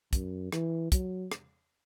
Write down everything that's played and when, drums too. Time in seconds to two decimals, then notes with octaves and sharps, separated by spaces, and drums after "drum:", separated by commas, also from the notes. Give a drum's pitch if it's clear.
0.13 F#2, drum: kick, hi-hat
0.52 E3, drum: rim click
0.92 F#3, drum: kick, hi-hat
1.32 drum: rim click